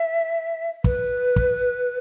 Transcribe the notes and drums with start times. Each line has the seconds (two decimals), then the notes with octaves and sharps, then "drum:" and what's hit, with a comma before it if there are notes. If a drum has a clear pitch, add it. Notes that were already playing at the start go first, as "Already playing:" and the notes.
Already playing: E5
0.84 B4, drum: kick
1.36 drum: kick